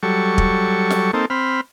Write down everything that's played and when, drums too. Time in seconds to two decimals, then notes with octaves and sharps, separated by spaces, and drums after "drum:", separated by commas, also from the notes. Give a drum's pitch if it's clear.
0.03 F#3 G3 A4 C#6
0.38 drum: kick
0.90 drum: snare
1.13 A#3 C4 D#4 A4
1.30 C4 B5 F6